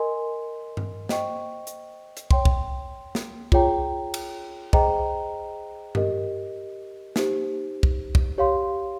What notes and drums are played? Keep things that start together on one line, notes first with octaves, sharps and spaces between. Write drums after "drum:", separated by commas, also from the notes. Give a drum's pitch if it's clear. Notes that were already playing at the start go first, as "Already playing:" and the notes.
Already playing: A#4 D#5 G#5 C6
drum: tom G2
C5 D#5 G5 C#6, drum: snare
drum: hi-hat
drum: hi-hat
C#5 G5 C6, drum: kick
drum: kick
drum: snare
F4 G#4 C#5 G5 A#5, drum: kick
drum: cymbal
G#4 C5 D#5 G5 A#5, drum: kick
G4 A#4 D#5, drum: tom G2
D#4 G4 C5, drum: snare
drum: kick
drum: kick
G4 C#5 F5 C6